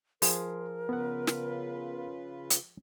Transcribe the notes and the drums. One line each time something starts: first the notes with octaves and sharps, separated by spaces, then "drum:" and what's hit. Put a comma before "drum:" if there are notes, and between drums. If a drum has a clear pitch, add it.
F3 G#4 A#4 C6, drum: open hi-hat
C#3 B3 F4 B4 F#5
drum: snare
drum: hi-hat